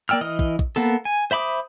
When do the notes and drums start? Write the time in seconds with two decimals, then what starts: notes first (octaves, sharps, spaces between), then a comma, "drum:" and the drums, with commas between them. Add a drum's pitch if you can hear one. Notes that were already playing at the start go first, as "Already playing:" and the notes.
0.09 A#3 D5 G5 E6 F6
0.21 E3 D#5 D#6 F6
0.39 drum: kick
0.59 drum: kick
0.76 A#3 B3 A4
1.05 G#5
1.31 C5 E5 B5 D6 D#6